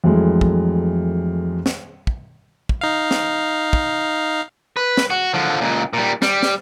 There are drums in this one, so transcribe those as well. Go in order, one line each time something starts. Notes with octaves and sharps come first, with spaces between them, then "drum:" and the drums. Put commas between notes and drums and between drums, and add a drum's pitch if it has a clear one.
F2 E3 F#3 G#3 A3
drum: kick
drum: snare
drum: kick
drum: kick
D#4 F5
drum: snare
drum: kick
B4
drum: snare
F#4
D3 F3
C#2 A#2
A#2 G3
G3, drum: snare
drum: snare